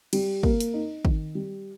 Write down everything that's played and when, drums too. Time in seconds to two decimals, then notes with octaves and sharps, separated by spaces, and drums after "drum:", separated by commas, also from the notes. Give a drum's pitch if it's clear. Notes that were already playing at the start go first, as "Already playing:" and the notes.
0.13 G3, drum: cymbal
0.43 A#3, drum: kick
0.60 drum: hi-hat
0.73 D#4
1.05 D#3, drum: kick
1.35 G3